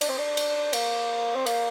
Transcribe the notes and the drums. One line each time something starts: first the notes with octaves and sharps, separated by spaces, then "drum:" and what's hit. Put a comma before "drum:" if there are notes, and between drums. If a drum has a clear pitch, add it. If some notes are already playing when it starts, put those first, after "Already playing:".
D4, drum: cymbal
C4
D4
drum: cymbal
A#3, drum: cymbal
C4
A#3, drum: cymbal